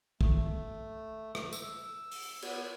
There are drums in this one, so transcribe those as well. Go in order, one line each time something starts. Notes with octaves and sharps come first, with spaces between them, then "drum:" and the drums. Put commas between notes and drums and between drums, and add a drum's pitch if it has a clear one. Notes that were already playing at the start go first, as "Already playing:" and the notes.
A3, drum: kick
drum: rim click
E6, drum: tambourine
drum: open hi-hat
B3, drum: cymbal